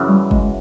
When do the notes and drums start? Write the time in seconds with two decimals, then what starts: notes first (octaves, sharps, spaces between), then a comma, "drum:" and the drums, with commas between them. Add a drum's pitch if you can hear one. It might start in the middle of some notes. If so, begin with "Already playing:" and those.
Already playing: F#2 C#3 E3
0.08 G3
0.31 G#3, drum: kick